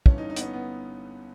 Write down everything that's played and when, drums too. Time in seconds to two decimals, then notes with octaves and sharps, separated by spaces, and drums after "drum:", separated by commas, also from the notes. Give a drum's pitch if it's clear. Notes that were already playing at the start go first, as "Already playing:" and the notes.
0.06 G1 G2 E3 C#4, drum: kick
0.18 D#4
0.30 D#4
0.37 B3, drum: hi-hat
0.41 C#4
0.53 B3